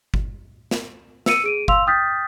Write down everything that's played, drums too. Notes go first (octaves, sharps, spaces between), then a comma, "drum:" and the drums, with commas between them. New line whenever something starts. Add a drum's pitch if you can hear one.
drum: kick G1
drum: snare
E6 C#7 D#7, drum: snare
G#4 D7 D#7
F5 C6 E6 F7, drum: kick G1
G5 D#6 F6 G6 A6 B6